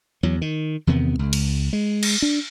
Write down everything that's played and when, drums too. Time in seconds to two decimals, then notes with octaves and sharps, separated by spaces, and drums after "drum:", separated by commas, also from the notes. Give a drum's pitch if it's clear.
0.23 E2 F#3
0.41 D#3
0.87 E2 C3 D#3 B3
1.19 C#2
1.33 drum: cymbal
1.73 G#3
2.03 drum: cymbal
2.22 D4